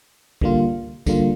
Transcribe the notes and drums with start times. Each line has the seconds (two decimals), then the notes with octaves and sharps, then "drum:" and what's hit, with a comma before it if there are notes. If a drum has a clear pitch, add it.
0.41 D3 G3 A#3 F4, drum: kick
1.06 D3 G3 A#3 F4, drum: kick, tambourine